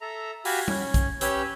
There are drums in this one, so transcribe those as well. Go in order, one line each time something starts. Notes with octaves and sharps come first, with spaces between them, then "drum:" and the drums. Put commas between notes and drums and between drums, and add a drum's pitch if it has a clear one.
A4 E5 A#5
F#4 G4 F5 G#5 B5, drum: open hi-hat
C#4, drum: tom G3
drum: kick, hi-hat
C#4 G4 B4 C#5 E6 G6, drum: hi-hat